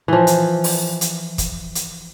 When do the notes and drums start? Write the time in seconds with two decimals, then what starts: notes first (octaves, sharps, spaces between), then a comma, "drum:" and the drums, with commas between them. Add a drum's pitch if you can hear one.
0.08 E3 F3
0.27 drum: hi-hat
0.64 drum: open hi-hat
1.01 drum: hi-hat
1.38 drum: kick, hi-hat
1.75 drum: hi-hat